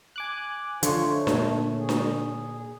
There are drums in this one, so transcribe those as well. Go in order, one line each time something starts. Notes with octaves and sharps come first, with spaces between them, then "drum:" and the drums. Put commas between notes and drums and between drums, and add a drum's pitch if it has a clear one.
G#5 D6 F#6
D3 F3 F4 C5 C#5, drum: hi-hat
A3
A#2, drum: snare D4
G#4
drum: snare D4